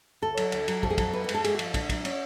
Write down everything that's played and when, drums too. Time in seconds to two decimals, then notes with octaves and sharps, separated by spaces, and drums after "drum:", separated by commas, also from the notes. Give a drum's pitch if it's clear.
0.22 D2 A4
0.37 F#3, drum: cymbal
0.52 D2, drum: cymbal
0.68 F#3, drum: cymbal
0.83 F2 A4, drum: kick
0.90 G#4
0.98 F#3 A4, drum: kick, cymbal
1.13 F2 B4
1.24 B4
1.29 G#3, drum: cymbal
1.34 A4
1.44 G#3 G#4, drum: cymbal
1.54 F#4
1.59 F3, drum: cymbal
1.64 F4
1.74 D2 D4, drum: kick, cymbal
1.89 F#3, drum: kick, cymbal
2.05 C#4, drum: cymbal